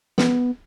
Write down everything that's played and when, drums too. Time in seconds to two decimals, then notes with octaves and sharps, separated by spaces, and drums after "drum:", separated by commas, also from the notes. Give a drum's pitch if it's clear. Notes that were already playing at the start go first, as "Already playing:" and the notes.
0.18 B3, drum: snare